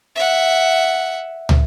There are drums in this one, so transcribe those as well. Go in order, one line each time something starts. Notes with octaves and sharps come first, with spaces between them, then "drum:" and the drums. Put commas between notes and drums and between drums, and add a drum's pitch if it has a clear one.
E5 F#5
drum: tom